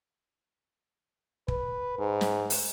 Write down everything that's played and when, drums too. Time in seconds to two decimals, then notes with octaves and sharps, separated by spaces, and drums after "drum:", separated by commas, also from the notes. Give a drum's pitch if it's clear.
1.48 B4, drum: kick
1.99 G#2
2.21 drum: snare
2.50 drum: open hi-hat